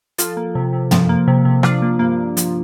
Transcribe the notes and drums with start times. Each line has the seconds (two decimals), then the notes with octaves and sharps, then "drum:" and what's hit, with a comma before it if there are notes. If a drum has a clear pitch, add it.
0.18 F3 F4 A4, drum: hi-hat
0.37 A#3
0.55 C3
0.73 C3
0.91 F3, drum: tom
1.09 A#3
1.28 C3
1.45 C3
1.63 F3 D4 F4, drum: rim click
1.82 A#3
1.99 G2 A#3
2.17 G2
2.37 F3, drum: hi-hat